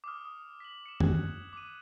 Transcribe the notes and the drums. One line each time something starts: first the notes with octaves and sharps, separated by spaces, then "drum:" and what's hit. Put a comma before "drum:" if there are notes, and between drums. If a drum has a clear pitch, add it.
D6 D#6 F6
D#6
B6 F#7
C#7 E7
F#6 G#6, drum: tom
D6 D#7